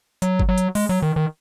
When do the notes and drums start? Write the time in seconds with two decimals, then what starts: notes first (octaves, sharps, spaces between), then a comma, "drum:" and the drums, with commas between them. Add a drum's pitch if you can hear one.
0.22 F#3, drum: hi-hat
0.39 drum: kick G1
0.49 F#3
0.58 drum: hi-hat
0.75 G#3, drum: open hi-hat
0.89 F#3
1.02 D#3
1.16 D#3